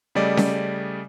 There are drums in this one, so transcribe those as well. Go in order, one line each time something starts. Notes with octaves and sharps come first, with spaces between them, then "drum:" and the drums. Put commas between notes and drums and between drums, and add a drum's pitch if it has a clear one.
C#3 G3 A3 D5 D#5
drum: snare C#4